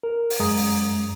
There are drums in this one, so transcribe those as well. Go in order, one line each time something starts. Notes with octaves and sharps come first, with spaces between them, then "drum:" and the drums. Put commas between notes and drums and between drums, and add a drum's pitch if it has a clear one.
A#4
drum: open hi-hat
F#2 G#3 A#5 D#6
drum: open hi-hat